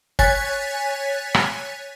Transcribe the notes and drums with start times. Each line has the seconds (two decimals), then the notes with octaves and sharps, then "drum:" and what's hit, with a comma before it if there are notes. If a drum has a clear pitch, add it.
0.19 C#5 G#5 F#6 A6 B6, drum: kick
1.34 drum: rim click